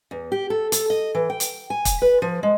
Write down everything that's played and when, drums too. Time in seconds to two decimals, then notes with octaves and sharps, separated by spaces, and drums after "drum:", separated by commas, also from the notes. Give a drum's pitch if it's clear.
0.11 E2
0.32 G4
0.50 A4
0.72 A4, drum: hi-hat
0.90 D#5
1.15 E3
1.30 G5
1.40 drum: hi-hat
1.70 G#5
1.85 drum: kick, hi-hat
2.02 B4
2.22 F3
2.43 G#3